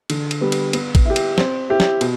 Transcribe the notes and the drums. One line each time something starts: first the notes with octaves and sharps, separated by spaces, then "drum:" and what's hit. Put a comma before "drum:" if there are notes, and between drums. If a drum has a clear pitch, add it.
D3, drum: cymbal
drum: cymbal
G3 B3
drum: cymbal
B3, drum: cymbal
drum: kick, cymbal
E4 G4
drum: cymbal
C4, drum: snare
E4 G4
drum: snare
B2, drum: cymbal